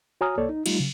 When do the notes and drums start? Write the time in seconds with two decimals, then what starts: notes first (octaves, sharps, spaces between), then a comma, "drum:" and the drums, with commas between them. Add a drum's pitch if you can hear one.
0.21 F#4 C#5 G#5 A#5 D#6 F6
0.38 C2 A#3 A4 C#5 D5
0.49 D#4
0.66 G3 A3 D#4 F4, drum: cymbal
0.79 C#3 F#3